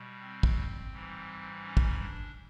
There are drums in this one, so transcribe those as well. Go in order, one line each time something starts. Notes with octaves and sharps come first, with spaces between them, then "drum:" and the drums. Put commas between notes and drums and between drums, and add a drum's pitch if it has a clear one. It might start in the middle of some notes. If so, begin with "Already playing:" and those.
Already playing: B2 G3
C4
drum: kick
G#2 E3 G3
C#4
drum: kick
D4